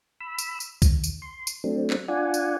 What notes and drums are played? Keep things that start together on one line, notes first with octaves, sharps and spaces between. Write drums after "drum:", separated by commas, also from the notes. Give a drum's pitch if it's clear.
B5 E6
drum: tambourine
drum: tambourine
D#2, drum: kick B1, tambourine
drum: tambourine
C6
drum: tambourine
F#3 A3 C4 D4
drum: clap
D4 F4 D5 F#5 G#5
drum: tambourine